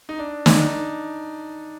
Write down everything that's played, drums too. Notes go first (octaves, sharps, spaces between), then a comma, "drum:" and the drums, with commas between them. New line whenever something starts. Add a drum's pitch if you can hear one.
D#4
D4
D4, drum: snare
D#4